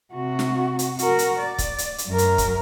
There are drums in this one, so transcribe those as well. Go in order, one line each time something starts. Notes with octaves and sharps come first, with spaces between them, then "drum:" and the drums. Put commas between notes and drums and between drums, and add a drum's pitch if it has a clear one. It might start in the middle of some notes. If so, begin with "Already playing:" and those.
C3 F#4
drum: snare
drum: hi-hat
F#4 A#4, drum: hi-hat
drum: hi-hat
D5
drum: kick, hi-hat
drum: hi-hat
drum: hi-hat
F#2 A#4
drum: hi-hat
drum: kick, hi-hat